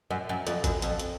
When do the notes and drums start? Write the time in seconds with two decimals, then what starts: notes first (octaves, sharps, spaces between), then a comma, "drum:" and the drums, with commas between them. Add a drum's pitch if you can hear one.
0.11 F#2
0.29 F#2
0.47 F2, drum: hi-hat
0.64 F#2, drum: kick A1, hi-hat
0.82 F2, drum: hi-hat
0.99 drum: hi-hat